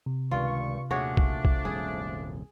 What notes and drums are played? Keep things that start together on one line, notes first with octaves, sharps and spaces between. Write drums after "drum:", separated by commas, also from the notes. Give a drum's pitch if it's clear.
C3
C#2 G2 D#3 F4 C#6
D#2 A#2 F3 A3 D4 F#4 G#4 C#5
drum: kick B1
drum: kick B1
D#1 C2 F#2 G#4